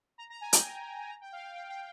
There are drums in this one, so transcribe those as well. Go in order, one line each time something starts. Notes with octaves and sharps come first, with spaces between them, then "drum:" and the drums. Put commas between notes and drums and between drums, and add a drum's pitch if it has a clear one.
A#5
A#5
G#5
G5, drum: hi-hat
A#5
G5
F5
F5
G5
G5